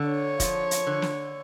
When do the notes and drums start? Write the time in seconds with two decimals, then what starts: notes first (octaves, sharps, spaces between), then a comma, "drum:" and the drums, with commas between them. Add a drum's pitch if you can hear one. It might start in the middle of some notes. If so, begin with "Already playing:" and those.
Already playing: D3
0.08 C#5
0.40 F3, drum: kick, hi-hat
0.71 drum: hi-hat
0.87 D3
1.02 drum: snare